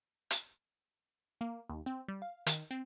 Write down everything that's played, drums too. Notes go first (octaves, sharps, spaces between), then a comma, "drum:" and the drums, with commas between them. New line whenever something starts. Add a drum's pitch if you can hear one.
drum: hi-hat
A#3
D#2
C4
G3
F5
D#3, drum: hi-hat
C4